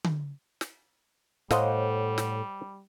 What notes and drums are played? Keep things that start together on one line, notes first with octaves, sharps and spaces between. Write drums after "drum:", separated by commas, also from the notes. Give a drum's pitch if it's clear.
drum: tom D3
drum: snare
A2 G3 A4 C5 C#5 D#5 F5 F#5, drum: snare
drum: snare